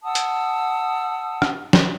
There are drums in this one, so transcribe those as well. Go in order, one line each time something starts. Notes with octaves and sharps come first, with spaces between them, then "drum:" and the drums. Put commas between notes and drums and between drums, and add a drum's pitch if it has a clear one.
F#5 A5 D#6 E6
drum: hi-hat
drum: rim click
drum: snare F3